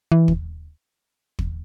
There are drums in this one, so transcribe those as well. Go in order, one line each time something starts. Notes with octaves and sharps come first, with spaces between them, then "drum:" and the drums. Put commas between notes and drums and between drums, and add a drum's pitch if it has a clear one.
E3
drum: kick
drum: kick